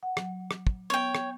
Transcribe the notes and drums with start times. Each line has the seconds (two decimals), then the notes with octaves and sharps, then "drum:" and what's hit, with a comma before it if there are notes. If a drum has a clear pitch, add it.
0.03 F#5
0.17 F#3, drum: rim click
0.51 drum: rim click
0.67 drum: kick
0.90 B3 C#5 G5
1.15 drum: rim click